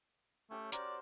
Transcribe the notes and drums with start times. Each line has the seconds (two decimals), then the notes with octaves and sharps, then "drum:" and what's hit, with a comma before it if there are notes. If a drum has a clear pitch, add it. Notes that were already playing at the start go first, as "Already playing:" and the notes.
0.51 A3 C#4 G4 G5
0.72 F#4 A#4 C5 D5, drum: hi-hat